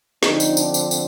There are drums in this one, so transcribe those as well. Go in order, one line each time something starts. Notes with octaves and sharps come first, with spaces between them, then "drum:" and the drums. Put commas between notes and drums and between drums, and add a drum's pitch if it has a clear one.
D3 F3 C4 D#4, drum: snare
drum: tambourine
D4, drum: tambourine
drum: tambourine
drum: tambourine